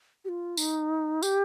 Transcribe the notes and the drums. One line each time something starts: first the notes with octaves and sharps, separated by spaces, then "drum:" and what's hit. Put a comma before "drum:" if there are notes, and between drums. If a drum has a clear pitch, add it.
G4
F4
D#4, drum: tambourine
G4, drum: tambourine